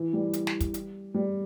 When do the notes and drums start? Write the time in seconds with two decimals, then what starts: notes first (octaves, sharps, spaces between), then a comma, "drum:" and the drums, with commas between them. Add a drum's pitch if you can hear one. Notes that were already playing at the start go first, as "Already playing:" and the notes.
Already playing: E3
0.13 G3
0.33 drum: hi-hat
0.47 drum: snare
0.60 drum: kick, hi-hat
0.74 drum: hi-hat
1.14 G3